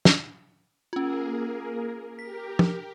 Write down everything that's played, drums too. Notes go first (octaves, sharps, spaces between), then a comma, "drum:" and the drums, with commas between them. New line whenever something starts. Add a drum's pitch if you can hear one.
drum: snare
A#3 C#4 F4 G#4 A#4
G4 A#4 B6
drum: tom